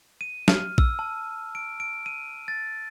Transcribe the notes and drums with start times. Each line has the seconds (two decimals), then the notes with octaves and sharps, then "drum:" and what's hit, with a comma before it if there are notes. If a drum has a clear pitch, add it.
0.21 D#7
0.48 F6, drum: snare
0.78 E6, drum: kick A#1
0.99 A5
1.55 D7
1.80 D7
2.06 D#7
2.48 A6